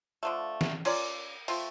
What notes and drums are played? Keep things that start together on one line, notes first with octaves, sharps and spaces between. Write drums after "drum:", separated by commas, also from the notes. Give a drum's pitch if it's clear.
D3 F3 A3
drum: snare
C#4 F4 A#4 D5, drum: cymbal
A3 C4 F4, drum: open hi-hat